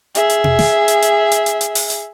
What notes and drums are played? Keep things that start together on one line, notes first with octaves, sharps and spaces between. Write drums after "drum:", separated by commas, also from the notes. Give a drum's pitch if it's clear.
G#4 E5, drum: hi-hat
drum: hi-hat
drum: tom B2
drum: snare
drum: hi-hat
drum: hi-hat
drum: hi-hat
drum: hi-hat
drum: hi-hat
drum: open hi-hat
drum: hi-hat